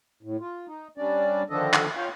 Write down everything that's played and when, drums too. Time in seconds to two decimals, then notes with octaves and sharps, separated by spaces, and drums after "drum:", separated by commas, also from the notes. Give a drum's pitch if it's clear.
0.23 A2
0.40 F4
0.67 D#4
0.98 G3 C#4 D4 D5
1.50 D3 D#3 F3 D4 A4 D#5
1.74 drum: clap
1.97 F4 C#5 F5 G5